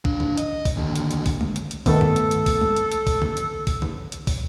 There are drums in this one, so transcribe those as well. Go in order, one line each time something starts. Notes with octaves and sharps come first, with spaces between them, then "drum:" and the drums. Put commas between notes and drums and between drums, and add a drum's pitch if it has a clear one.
D4 F5, drum: kick
drum: tom D3
D#5, drum: hi-hat
drum: kick, open hi-hat
D#2 D3
drum: hi-hat
drum: hi-hat
drum: kick, open hi-hat
drum: tom G#3
drum: hi-hat
drum: hi-hat
D#3 A3 B3 A4, drum: kick, open hi-hat
drum: tom G2
drum: hi-hat
drum: hi-hat
drum: kick, open hi-hat
drum: tom G#3
drum: hi-hat
drum: hi-hat
drum: kick, open hi-hat
drum: tom D3
drum: hi-hat
drum: kick, open hi-hat
drum: tom D3
drum: hi-hat
drum: kick, open hi-hat